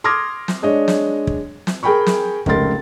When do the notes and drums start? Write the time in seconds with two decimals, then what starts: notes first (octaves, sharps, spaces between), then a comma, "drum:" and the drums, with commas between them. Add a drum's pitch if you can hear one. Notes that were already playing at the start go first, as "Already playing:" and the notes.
0.04 C6 D6 D#6 F6 G#6 A#6
0.48 drum: snare
0.62 G#3 D4 C#5 D#5
0.88 drum: snare
1.27 drum: kick
1.67 drum: snare
1.83 G#4 A#4 G5 G#5 B5 C#6
2.06 drum: snare
2.46 F1 C#2 A4 A#4 C6 A6, drum: kick